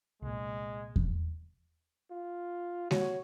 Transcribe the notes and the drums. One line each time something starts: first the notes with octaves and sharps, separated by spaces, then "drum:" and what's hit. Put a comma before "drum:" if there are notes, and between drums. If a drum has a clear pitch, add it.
C2 A#2 G#3
drum: kick E2
F4
F#4 C#5, drum: snare G#3